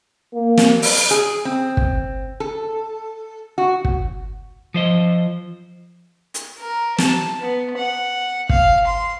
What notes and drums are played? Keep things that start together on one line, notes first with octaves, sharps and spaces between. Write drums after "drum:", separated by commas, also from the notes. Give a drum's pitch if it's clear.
A#3
drum: snare
drum: open hi-hat
G#4
C4
drum: kick
A4
F#4
drum: kick
F3 C5 D#5
drum: hi-hat
A#4
A5, drum: snare
B3
F#5
F5, drum: kick
C6